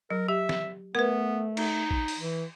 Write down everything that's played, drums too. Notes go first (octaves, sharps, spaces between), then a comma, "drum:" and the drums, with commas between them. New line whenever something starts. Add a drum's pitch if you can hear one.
F#3 A#4
G4 E5
drum: snare
A3 B3 A#4 B4
D#4, drum: cymbal
drum: kick
drum: open hi-hat
E3